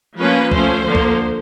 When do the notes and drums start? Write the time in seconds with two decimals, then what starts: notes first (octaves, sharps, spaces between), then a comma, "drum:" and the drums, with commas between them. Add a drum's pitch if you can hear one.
0.18 F3 A#3 C#4 B4
0.51 F3 A3 C#4 C5, drum: kick C2
0.85 D3 F3 A#3
0.95 drum: kick C2